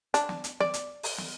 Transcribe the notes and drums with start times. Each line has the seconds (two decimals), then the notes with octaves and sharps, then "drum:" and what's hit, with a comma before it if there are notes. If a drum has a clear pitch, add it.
0.14 D4, drum: hi-hat
0.29 drum: snare
0.44 drum: hi-hat
0.60 D5, drum: snare
0.74 drum: hi-hat
1.03 drum: open hi-hat
1.18 drum: snare